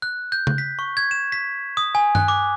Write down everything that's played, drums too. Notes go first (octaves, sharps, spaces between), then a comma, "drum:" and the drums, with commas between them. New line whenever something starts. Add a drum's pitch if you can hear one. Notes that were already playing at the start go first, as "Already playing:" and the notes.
F#6
G6
drum: tom C#3
B6
C#6
G#6
E7
B6
D#6
G#5
F#6, drum: tom G2
D6